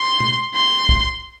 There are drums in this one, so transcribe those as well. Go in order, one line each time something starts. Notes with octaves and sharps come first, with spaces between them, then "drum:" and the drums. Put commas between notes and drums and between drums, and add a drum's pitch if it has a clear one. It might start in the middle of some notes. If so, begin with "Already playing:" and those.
Already playing: C6
drum: tom
C6
drum: kick